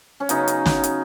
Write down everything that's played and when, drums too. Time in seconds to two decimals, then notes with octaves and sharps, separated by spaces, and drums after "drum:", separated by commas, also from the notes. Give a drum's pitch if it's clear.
0.20 C#4
0.29 C#3 F#3 B3 D#4, drum: hi-hat
0.48 drum: hi-hat
0.66 drum: snare
0.84 drum: hi-hat